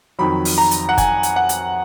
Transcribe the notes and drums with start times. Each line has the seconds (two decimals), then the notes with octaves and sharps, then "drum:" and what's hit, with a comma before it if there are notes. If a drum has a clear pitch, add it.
0.19 F2 D#3 F#3 B5
0.45 drum: open hi-hat
0.58 A#5
0.71 drum: hi-hat
0.89 F#5
0.98 G#5, drum: kick F#1, hi-hat
1.23 drum: hi-hat
1.36 F#5
1.49 drum: hi-hat